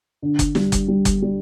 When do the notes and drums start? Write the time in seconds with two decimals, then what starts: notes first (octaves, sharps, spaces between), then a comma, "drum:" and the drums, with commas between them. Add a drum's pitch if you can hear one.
0.22 D3
0.39 drum: kick F#1, hi-hat
0.55 G3, drum: snare
0.72 drum: kick F#1, hi-hat
0.88 G3
1.05 drum: kick F#1, hi-hat
1.22 G3